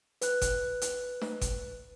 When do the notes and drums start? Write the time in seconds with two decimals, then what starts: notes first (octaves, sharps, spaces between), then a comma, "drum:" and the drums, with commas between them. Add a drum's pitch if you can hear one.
0.22 B4 F#6, drum: hi-hat
0.41 drum: kick G1, hi-hat
0.81 drum: hi-hat
1.21 drum: snare
1.41 drum: kick G1, hi-hat